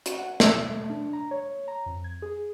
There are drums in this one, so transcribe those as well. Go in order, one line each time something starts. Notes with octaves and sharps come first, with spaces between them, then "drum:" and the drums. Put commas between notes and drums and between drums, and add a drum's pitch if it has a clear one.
F#4, drum: hi-hat
F#5
E6, drum: snare
E5
A3
D4
A#5
C#5
A#5
F2
G#6
G#4